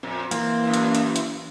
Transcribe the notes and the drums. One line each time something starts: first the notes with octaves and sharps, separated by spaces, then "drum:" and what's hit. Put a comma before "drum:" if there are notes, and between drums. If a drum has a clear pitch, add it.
F2 A#2 C4
E3 A#3 C4, drum: hi-hat
F#2 A2 C4
drum: hi-hat
drum: hi-hat
drum: hi-hat